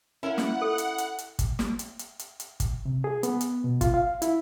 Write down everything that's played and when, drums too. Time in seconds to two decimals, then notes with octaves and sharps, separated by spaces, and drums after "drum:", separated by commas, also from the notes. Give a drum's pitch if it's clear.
0.23 C#4 E4 A#4 F5 F#5
0.38 drum: snare
0.61 A4
0.78 drum: hi-hat
0.98 drum: hi-hat
1.18 drum: hi-hat
1.39 drum: kick, hi-hat
1.59 drum: snare
1.79 drum: hi-hat
1.99 drum: hi-hat
2.19 drum: hi-hat
2.40 drum: hi-hat
2.60 drum: kick, hi-hat
2.85 C3
3.04 G#4
3.23 B3, drum: hi-hat
3.41 drum: hi-hat
3.64 B2
3.81 F4, drum: kick, hi-hat
3.94 F5
4.22 E4, drum: hi-hat